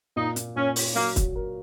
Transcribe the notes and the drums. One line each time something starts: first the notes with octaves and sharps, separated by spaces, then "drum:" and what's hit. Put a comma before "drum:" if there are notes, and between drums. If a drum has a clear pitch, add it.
A#2 D#4
A#2, drum: hi-hat
A#2 C#4
C#4, drum: open hi-hat
F#3 A#3
F#3, drum: kick, hi-hat
A#4